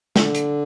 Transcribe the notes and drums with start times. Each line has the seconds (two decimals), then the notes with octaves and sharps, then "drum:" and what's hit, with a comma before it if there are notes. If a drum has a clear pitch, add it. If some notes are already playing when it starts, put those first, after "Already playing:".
0.16 D3, drum: snare
0.35 drum: hi-hat